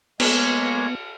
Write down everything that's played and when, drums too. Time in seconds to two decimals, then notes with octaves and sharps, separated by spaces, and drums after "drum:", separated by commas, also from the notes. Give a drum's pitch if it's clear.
0.20 G#3 A#3 B3 C#5, drum: cymbal